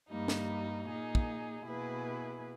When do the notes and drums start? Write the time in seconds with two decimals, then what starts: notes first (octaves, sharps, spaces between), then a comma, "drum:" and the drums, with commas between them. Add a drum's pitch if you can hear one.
0.11 G2 G3 A#3 D#4
0.28 drum: snare
0.89 A#2 A#3 D#4 G#4
1.15 drum: kick
1.67 B2 A#3 E4 G#4 B4